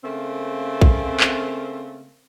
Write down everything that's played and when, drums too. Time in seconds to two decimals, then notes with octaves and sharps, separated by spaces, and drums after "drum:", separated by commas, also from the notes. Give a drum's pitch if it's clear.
0.04 C#3 A3 A#3 C4
0.81 drum: kick A#1
1.20 drum: clap